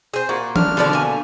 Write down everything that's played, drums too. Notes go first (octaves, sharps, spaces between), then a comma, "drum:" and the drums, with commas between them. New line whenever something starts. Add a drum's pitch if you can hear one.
C4 G#4
A#2 F#4
D4 F6, drum: tom
B2 D3 F3 E4 D5
A3 A#3 G#5